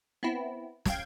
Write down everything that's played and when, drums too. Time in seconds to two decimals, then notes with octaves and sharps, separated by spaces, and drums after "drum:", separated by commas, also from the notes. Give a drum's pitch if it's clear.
0.23 B3 C4 E4
0.85 F5 G5 G6 G#6, drum: snare